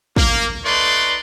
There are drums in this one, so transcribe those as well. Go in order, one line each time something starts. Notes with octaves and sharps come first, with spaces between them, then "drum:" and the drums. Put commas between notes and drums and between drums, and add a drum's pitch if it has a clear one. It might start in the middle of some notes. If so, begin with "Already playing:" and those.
A#3, drum: kick
A3 D#4 B4 D5 C6